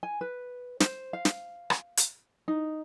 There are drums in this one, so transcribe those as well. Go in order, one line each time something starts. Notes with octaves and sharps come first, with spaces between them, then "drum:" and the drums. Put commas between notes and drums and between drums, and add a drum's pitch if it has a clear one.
G#5
B4
C5, drum: snare
F5
drum: snare
drum: rim click
drum: hi-hat
D#4